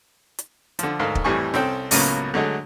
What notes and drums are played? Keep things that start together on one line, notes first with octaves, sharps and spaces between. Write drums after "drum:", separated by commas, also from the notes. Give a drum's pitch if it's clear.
drum: hi-hat
D3 F3, drum: hi-hat
D2 G#2 A4 A#4 F5
drum: kick
F2 A2 E3 G3 G#5 C#6
C2 C4 C#4 A4 G5, drum: snare
C#2 A2 C#3 F#3 A#3 B3, drum: open hi-hat
D3 F#3 G#3 A3